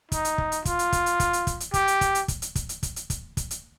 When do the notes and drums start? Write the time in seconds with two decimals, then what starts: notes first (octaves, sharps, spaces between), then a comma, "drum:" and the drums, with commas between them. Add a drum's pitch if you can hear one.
0.12 D#4, drum: kick, hi-hat
0.25 drum: hi-hat
0.38 drum: kick
0.52 drum: hi-hat
0.65 F4, drum: kick, hi-hat
0.79 drum: hi-hat
0.92 drum: kick, hi-hat
1.06 drum: hi-hat
1.20 drum: kick, hi-hat
1.33 drum: hi-hat
1.47 drum: kick, hi-hat
1.60 drum: hi-hat
1.74 G4, drum: kick, hi-hat
1.88 drum: hi-hat
2.01 drum: kick, hi-hat
2.15 drum: hi-hat
2.28 drum: kick, hi-hat
2.42 drum: hi-hat
2.55 drum: kick, hi-hat
2.69 drum: hi-hat
2.83 drum: kick, hi-hat
2.96 drum: hi-hat
3.10 drum: kick, hi-hat
3.37 drum: kick, hi-hat
3.51 drum: hi-hat